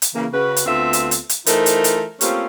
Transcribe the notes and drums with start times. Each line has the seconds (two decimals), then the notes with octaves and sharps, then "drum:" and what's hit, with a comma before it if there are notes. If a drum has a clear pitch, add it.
0.02 drum: hi-hat
0.15 C#3 E3 A#3
0.32 C#3 F#4 B4
0.56 drum: hi-hat
0.66 D2 A3 B3 C4 F4 E5
0.93 drum: hi-hat
1.11 drum: hi-hat
1.29 drum: hi-hat
1.46 E3 A3 D#4 F4 A#4 C5, drum: hi-hat
1.66 drum: hi-hat
1.84 drum: hi-hat
2.21 A3 A#3 C4 C#4 F4 G4, drum: hi-hat